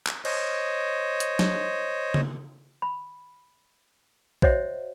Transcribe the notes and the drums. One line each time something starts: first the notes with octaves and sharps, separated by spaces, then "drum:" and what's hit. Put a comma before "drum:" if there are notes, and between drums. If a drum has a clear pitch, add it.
drum: clap
C5 C#5 D#5, drum: cymbal
drum: hi-hat
drum: snare
drum: tom C#3
B5
F#4 C5 C#5 D#5 E5 F#5, drum: kick B1